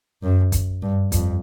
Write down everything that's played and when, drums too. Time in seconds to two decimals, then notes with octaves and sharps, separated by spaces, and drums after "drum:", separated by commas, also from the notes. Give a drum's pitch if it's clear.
0.23 F#2
0.52 drum: kick, hi-hat
0.82 G2
1.12 F2, drum: kick, hi-hat